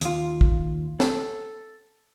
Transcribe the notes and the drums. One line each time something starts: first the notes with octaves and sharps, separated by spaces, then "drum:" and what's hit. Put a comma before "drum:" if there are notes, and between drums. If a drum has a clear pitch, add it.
D#2 F4, drum: hi-hat
drum: kick
A4, drum: snare